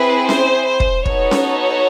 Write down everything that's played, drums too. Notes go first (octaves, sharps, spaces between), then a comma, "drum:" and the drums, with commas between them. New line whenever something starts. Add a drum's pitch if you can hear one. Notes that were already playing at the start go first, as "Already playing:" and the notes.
Already playing: C4 E4 G#4 B4
C5, drum: snare C#4
C5
drum: kick
B3 D#4 F#4 A4 C#5, drum: kick
drum: snare C#4